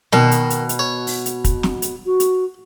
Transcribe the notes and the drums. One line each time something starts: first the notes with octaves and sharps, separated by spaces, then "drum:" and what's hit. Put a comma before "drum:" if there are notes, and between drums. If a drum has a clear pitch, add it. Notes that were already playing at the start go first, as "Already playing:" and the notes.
B2 D#3, drum: snare
drum: hi-hat
drum: hi-hat
drum: hi-hat
C#5
drum: open hi-hat
drum: hi-hat
drum: kick, hi-hat
drum: snare
drum: hi-hat
F#4
drum: hi-hat